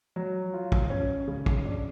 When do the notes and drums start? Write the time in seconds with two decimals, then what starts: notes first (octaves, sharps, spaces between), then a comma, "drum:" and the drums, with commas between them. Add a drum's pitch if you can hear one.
0.16 F#3
0.54 F4
0.72 drum: kick
0.90 C#4
1.27 C#3
1.46 drum: kick
1.65 D4